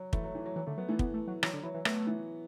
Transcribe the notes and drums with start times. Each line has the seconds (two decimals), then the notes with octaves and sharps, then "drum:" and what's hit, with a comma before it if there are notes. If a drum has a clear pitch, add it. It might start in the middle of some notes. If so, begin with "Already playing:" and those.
Already playing: F#3
0.13 E3 A3, drum: kick
0.24 F#3
0.35 E3
0.46 F#3
0.56 E3 F#3
0.67 D3 A3
0.78 F#3 B3
0.89 E3 A3
0.99 B3, drum: kick
1.14 A3
1.28 F#3
1.43 E3 F#3, drum: rim click
1.54 D3
1.63 E3 F#3
1.74 E3
1.85 A3 B3, drum: rim click
2.07 E3